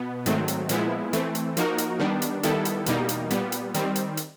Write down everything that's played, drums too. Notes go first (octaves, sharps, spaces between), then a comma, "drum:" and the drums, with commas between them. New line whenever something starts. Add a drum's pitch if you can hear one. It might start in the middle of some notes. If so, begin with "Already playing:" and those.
Already playing: B2 B3
G#2 D#3 F#3 A3 C4, drum: hi-hat
drum: hi-hat
A#2 F3 G#3 B3 E4, drum: hi-hat
E3 A3 C4, drum: hi-hat
drum: hi-hat
F3 A#3 D#4 F#4 A#4, drum: hi-hat
drum: hi-hat
D#3 G3 B3 D4
drum: hi-hat
D#3 G3 B3 E4 A4, drum: hi-hat
drum: hi-hat
E2 B2 G3 A#3 D#4, drum: hi-hat
drum: hi-hat
A#2 G3 B3, drum: hi-hat
drum: hi-hat
D#3 G3 C4, drum: hi-hat
drum: hi-hat
drum: hi-hat